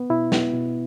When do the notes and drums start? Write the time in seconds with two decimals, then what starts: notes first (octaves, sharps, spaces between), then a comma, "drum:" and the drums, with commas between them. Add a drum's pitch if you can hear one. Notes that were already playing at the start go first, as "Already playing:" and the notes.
Already playing: B3
0.10 B2 E4
0.32 B3, drum: snare
0.54 B2